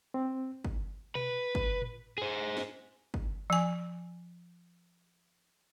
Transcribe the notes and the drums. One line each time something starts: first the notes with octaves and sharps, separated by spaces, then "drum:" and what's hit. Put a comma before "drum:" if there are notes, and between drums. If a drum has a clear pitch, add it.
C4
drum: kick
B4, drum: tom B2
drum: kick
drum: tom A2
G#4 C5
drum: snare
drum: kick
F3 G#5